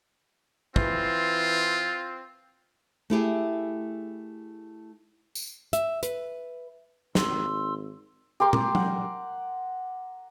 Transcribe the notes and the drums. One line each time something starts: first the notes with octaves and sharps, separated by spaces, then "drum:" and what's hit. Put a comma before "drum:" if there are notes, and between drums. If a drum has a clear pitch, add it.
E3 C4 F4, drum: kick
A3 E4 G4 G#4
drum: tambourine
E5, drum: hi-hat
B4, drum: hi-hat
G#1 C6 E6, drum: snare
G4 A#4 C6 D6
drum: tom
F#5, drum: tom F#3